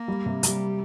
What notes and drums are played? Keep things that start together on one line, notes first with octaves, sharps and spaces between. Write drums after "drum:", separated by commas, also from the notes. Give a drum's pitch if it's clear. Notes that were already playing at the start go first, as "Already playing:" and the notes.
Already playing: A#3
G3
C3
C3 G3, drum: hi-hat